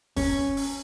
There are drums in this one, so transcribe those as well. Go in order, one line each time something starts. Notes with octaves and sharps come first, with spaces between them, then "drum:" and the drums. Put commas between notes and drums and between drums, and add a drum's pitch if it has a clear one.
C#4, drum: kick, open hi-hat
drum: open hi-hat